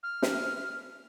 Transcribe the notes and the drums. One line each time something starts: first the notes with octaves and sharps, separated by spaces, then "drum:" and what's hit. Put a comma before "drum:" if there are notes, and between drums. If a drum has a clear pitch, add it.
F6
drum: snare